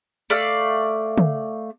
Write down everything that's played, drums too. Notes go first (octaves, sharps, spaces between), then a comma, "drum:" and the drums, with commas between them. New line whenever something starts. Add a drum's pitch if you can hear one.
A3 D5 F5, drum: hi-hat
drum: tom